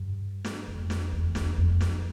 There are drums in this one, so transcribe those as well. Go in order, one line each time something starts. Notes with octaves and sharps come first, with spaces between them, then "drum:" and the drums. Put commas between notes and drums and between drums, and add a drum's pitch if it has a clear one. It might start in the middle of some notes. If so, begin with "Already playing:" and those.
Already playing: G2
drum: snare
F2
drum: snare
E2
E2, drum: snare
F2
drum: snare